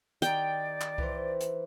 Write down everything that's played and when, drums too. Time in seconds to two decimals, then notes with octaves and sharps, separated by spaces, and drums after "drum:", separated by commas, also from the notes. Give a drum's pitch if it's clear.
0.22 D#3 G4 D5 G5, drum: hi-hat
0.81 drum: clap
0.98 E3 C5, drum: kick C2
1.41 drum: hi-hat